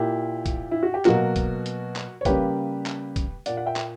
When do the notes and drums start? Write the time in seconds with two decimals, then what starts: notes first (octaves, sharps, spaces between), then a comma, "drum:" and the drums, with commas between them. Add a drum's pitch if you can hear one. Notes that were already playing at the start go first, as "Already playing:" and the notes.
Already playing: A#2 A#3 E4 G4
0.46 drum: kick, hi-hat
0.71 E4
0.83 F#4
0.94 G4
1.05 B2 F#3 A#3 F#4 A#4, drum: clap
1.36 drum: kick, hi-hat
1.66 drum: hi-hat
1.96 drum: clap
2.21 C#5
2.25 C#3 G3 A#3 G4 B4, drum: kick, hi-hat
2.86 drum: clap
3.16 drum: kick, hi-hat
3.46 A#2 A#3 D5 F#5, drum: hi-hat
3.57 F#5
3.66 E5 G5
3.76 drum: clap